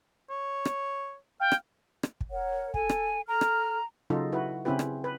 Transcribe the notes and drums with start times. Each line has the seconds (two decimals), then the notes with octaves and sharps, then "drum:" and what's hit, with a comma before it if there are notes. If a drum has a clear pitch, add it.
0.30 C#5
0.65 drum: rim click
1.40 F5 G5
1.52 drum: rim click
2.03 drum: rim click
2.21 drum: kick
2.31 A#4 C#5 F#5
2.74 A4 G#5, drum: kick
2.89 drum: rim click
3.28 A4 A#5 F6
3.41 drum: rim click
4.10 C#3 F#3 D#4 F4 A4
4.32 E4 F#4 B4
4.65 C#3 C4 C#4 E4 G4 B4
4.79 drum: rim click
5.04 B4